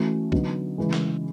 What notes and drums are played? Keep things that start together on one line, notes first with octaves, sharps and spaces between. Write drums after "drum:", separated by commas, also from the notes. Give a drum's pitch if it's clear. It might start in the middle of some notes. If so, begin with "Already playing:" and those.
Already playing: E3 A3 C#4 F#4
D3 F#3 B3 D#4, drum: kick
C#3 E3 G#3
drum: snare